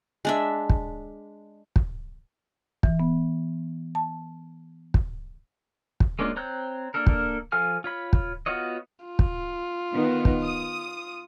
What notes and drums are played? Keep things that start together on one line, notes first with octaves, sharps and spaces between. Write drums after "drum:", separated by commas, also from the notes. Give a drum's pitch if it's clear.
G#3 D4 E5
drum: kick
drum: kick
E3, drum: kick
B3
A5
drum: kick
drum: kick
G#3 A#3 C#4 D4 F4
C4 C#5 A#5 F#6 G6
A#3 D4 A4 A#4
drum: kick
F3 A4 F5 G#5 F6
F4 C#5 B5
drum: kick
B3 F4 F#4 C#5 D#5
F4
drum: kick
D#3 B3
drum: kick
D#6